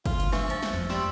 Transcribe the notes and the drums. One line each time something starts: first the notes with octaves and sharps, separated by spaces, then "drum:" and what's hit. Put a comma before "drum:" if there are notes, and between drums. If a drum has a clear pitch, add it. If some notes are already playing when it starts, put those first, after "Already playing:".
F4, drum: kick, hi-hat
drum: hi-hat
D4 B4 E5 C#6, drum: snare
C5 A6, drum: hi-hat
drum: snare
F2
G3 C6 E6 E7 F#7, drum: snare